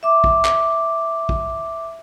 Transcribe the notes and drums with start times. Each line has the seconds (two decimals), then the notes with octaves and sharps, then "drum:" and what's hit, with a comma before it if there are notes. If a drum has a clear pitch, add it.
0.03 E5 D6
0.24 drum: kick
0.45 drum: clap
1.29 drum: kick